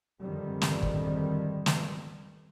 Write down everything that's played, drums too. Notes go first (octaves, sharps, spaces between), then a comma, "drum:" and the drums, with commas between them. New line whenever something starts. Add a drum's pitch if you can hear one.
F2 G#2 D3 D#3 G3
drum: snare
drum: kick
drum: snare